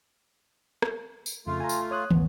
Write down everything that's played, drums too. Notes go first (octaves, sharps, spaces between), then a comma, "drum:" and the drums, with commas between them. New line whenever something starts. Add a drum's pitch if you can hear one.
drum: rim click
drum: tambourine
F2 C#3 A3 F4
G#5 A#5
drum: tambourine
C#5 D#6 F#6
G#1 D2 B3, drum: tom